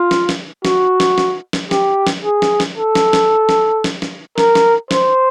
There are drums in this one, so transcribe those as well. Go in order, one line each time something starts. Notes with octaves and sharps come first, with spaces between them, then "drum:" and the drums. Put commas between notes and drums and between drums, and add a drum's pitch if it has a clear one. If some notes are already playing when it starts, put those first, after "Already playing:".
Already playing: F4
drum: snare
drum: snare
F#4, drum: snare
drum: snare
drum: snare
drum: snare
G4, drum: snare
drum: snare
G#4
drum: snare
drum: snare
A4
drum: snare
drum: snare
drum: snare
drum: snare
drum: snare
A#4, drum: snare
drum: snare
C5, drum: snare